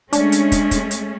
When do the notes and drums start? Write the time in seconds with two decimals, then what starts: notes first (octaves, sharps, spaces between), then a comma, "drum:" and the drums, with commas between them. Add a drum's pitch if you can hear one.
0.13 G#3 A3 C#4 D4, drum: hi-hat
0.32 drum: hi-hat
0.52 drum: kick, hi-hat
0.71 drum: kick, hi-hat
0.91 drum: hi-hat